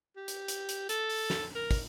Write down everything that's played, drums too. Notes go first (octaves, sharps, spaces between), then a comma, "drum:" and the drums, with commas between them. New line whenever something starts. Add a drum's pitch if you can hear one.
G4
drum: hi-hat
drum: hi-hat
drum: hi-hat
A4, drum: hi-hat
drum: open hi-hat
drum: snare
A#4
drum: kick, open hi-hat